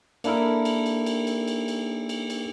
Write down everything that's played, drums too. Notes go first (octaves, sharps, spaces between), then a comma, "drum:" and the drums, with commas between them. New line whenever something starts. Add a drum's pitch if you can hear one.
A#3 D4 E4 A4 A#4, drum: cymbal
drum: cymbal
drum: cymbal
drum: cymbal
drum: cymbal
drum: cymbal
drum: cymbal
drum: cymbal
drum: cymbal